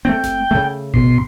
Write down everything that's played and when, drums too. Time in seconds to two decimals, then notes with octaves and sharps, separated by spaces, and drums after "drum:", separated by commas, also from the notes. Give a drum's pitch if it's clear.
0.05 A3 C4 G5
0.24 drum: snare F#1
0.51 C#3 A3
0.94 B2 C6, drum: kick G#1